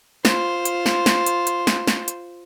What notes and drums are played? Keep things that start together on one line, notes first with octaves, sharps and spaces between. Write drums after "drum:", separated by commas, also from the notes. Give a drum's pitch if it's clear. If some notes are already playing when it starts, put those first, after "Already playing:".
F4 C5, drum: snare
drum: hi-hat
drum: snare
drum: snare
drum: hi-hat
drum: hi-hat
drum: snare
drum: snare
drum: hi-hat